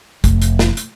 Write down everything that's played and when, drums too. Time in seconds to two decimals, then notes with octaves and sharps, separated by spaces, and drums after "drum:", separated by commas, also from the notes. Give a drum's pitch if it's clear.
0.24 F1, drum: kick, hi-hat
0.42 drum: hi-hat
0.59 drum: snare
0.77 drum: hi-hat